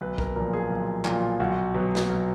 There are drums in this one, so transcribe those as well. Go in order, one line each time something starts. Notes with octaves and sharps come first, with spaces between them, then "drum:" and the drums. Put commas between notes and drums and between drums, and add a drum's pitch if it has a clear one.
B1 B4
A#4, drum: kick
A#2 F3 A#4
G#4
B1
A#2 F3 F4, drum: clap
B1 F#4
B2 F#3
drum: snare
B1